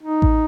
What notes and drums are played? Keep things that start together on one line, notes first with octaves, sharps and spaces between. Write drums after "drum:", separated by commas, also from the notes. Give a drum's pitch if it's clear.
D#4
drum: kick A1